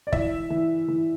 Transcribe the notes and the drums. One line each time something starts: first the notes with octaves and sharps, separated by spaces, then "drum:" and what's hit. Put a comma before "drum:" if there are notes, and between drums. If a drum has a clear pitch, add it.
D5
E3 E5, drum: kick
E3
E3